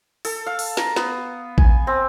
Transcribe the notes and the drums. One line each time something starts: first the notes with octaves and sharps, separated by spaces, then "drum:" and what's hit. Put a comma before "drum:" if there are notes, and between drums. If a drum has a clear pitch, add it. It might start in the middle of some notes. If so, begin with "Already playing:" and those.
A4, drum: open hi-hat
F5
drum: open hi-hat
A#5, drum: snare
B3, drum: snare
G#5, drum: kick A1
C4